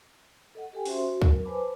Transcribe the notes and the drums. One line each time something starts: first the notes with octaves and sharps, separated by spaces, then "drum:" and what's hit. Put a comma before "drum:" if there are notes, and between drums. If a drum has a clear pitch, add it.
A4 D#5 F#5
G4 A4 G5 G#5
C#4 F#4 C5 E5 C6, drum: open hi-hat
F#4
F#3 A#4, drum: kick
B4 C5 G#5 A5 B5 D6